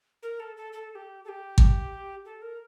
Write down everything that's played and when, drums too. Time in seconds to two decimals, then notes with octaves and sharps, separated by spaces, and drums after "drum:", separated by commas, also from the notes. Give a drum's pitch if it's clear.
0.23 A#4
0.40 A4
0.57 A4
0.73 A4
0.90 A4
0.95 G4
1.25 A4
1.29 G4
1.58 drum: kick G#1
2.25 A4
2.42 A#4